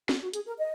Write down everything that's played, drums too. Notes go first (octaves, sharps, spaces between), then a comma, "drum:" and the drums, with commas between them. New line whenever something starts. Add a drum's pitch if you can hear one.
F#4, drum: snare
F#4
G#4, drum: hi-hat
A#4
D#5